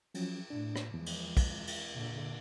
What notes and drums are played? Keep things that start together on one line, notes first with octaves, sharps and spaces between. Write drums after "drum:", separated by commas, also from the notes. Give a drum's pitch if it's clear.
F3 F#3 C#4, drum: cymbal
A2 D4
drum: rim click
E2 F3 G#3
drum: cymbal
drum: kick, cymbal
drum: cymbal
A#2 D3